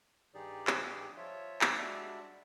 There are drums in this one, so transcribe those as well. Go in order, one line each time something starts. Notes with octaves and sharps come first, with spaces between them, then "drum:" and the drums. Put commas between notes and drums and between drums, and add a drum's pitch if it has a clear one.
G2 D#3 D#4 G4 G#4 D5
drum: clap
F3 F4 C#5 E5
drum: clap
G3 G#3 D4 F#4 D5 E5